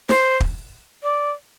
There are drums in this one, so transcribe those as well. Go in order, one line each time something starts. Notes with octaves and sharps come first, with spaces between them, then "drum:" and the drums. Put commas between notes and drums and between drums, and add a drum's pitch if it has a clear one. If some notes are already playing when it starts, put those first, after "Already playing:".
C5, drum: snare
drum: kick
D5